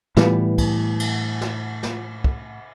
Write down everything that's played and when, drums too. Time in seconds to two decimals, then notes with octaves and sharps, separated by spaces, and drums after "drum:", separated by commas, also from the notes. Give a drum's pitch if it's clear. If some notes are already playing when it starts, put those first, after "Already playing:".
0.17 A2 E3 G3 B3, drum: snare
0.58 drum: kick, cymbal
1.00 drum: cymbal
1.41 drum: snare
1.83 drum: snare
2.24 drum: kick